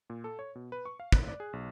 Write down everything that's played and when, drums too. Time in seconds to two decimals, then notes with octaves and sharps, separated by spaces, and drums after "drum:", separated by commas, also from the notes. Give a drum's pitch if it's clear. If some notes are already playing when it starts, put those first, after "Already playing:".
0.10 A#2
0.24 A4
0.39 C#5
0.55 B2
0.72 B4
0.86 C#6
1.00 F5
1.12 F#6, drum: kick
1.28 D5
1.40 G#4
1.53 B1